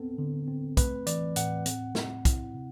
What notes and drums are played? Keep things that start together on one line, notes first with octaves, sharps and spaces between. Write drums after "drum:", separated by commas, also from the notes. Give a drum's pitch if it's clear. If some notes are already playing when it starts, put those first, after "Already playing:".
Already playing: B3 C4 A4
D3
C4
A3 B4, drum: kick, hi-hat
E3 D5, drum: hi-hat
A2 F#5, drum: hi-hat
C4, drum: hi-hat
C4, drum: snare
E4, drum: kick, hi-hat
C3